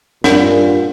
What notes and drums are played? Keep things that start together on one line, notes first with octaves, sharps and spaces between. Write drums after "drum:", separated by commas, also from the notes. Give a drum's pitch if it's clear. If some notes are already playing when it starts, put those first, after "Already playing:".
G2 A#2 D4 A#4 F#5, drum: snare